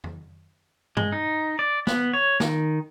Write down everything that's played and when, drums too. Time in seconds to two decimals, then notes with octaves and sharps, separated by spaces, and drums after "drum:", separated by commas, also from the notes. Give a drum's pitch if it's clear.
0.04 drum: tom F2
0.97 G#3, drum: tom G2
1.12 D#4
1.59 D5
1.87 B3, drum: snare
2.14 C#5
2.40 D#3, drum: snare